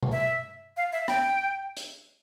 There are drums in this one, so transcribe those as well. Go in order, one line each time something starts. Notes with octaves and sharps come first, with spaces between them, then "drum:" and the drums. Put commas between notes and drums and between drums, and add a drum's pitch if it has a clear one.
drum: tom B2
E5
F5
E5
G5, drum: rim click
drum: hi-hat